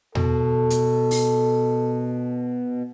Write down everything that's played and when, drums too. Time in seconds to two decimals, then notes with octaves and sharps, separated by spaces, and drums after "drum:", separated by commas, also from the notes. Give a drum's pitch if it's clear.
0.15 B2 A4, drum: tom E2
0.70 drum: hi-hat
1.11 drum: open hi-hat